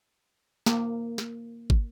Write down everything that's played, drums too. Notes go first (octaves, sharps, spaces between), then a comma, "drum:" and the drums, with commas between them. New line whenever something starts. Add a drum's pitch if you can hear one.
A#3, drum: snare
drum: snare
drum: kick